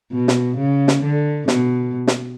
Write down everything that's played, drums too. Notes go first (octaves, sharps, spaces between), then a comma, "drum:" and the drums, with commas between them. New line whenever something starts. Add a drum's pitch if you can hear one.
B2
drum: snare
C#3
drum: snare
D3
B2, drum: snare
drum: snare